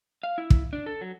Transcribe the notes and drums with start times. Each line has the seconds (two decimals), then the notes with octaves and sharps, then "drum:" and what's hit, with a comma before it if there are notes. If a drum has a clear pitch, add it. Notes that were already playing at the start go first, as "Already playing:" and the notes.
0.23 F5
0.38 E4
0.50 drum: kick
0.73 D4
0.86 A4
1.01 F#3